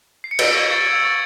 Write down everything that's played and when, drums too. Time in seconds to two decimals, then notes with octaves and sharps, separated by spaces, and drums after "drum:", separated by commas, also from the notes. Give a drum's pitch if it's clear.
0.24 C7
0.31 C#7
0.39 E6 D7, drum: cymbal
0.55 C#6 G#6
0.71 C#6 A6
0.87 E6 G#6
1.03 C#6 A6